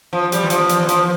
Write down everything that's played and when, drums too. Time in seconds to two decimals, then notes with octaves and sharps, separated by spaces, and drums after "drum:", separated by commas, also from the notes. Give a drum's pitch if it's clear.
0.13 F3
0.32 G3, drum: hi-hat
0.43 E3
0.50 F3, drum: hi-hat
0.69 drum: hi-hat
0.80 E3
0.89 F3, drum: hi-hat